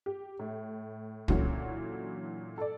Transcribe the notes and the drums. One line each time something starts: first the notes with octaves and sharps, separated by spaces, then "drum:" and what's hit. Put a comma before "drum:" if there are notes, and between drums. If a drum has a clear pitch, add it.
G4
A2
A#2 D3 E3 F#3 C#4 F#4, drum: kick
A4 D5